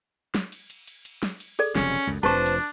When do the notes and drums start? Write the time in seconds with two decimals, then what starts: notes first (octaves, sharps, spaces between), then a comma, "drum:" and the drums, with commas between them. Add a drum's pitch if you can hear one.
0.35 drum: snare
0.52 drum: cymbal
0.70 drum: cymbal
0.87 drum: cymbal
1.05 drum: cymbal
1.23 drum: snare
1.40 drum: cymbal
1.59 G#4 A4 D5, drum: cymbal
1.75 F#1 C3 F3 C#4, drum: snare
1.93 drum: cymbal
2.07 C#2 F#2
2.23 F1 F2 F3 D4 B4 C5 A5 C#6
2.46 drum: cymbal